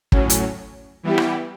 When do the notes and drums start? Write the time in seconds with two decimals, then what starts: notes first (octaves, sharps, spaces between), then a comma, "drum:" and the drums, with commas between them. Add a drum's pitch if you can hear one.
0.12 A2 F#3 C#4, drum: kick
0.30 drum: hi-hat
1.03 E3 G3 B3 E4 G4
1.18 drum: rim click